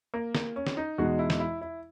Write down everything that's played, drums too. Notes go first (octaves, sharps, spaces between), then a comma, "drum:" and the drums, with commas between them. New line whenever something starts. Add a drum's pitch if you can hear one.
A#3
A#3, drum: snare
C#4
drum: snare
D#4
E2 B2 G#3 D#4 F#4
E4
drum: snare
E4
E4